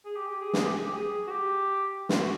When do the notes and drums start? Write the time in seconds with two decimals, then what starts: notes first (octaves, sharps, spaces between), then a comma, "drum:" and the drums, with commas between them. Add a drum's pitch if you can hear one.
0.05 G#4
0.16 G4
0.28 G4
0.41 G#4
0.53 G#4, drum: snare
0.64 G4
0.73 G#4
0.83 G4
0.92 G#4
1.27 F#4
1.31 G4
2.09 F4, drum: snare
2.18 F#4